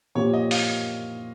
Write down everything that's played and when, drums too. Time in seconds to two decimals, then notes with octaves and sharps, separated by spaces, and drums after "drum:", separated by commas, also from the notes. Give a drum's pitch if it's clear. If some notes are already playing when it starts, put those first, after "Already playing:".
0.15 A#2 F3 C4 G4 C#5
0.33 D#5
0.51 F5, drum: open hi-hat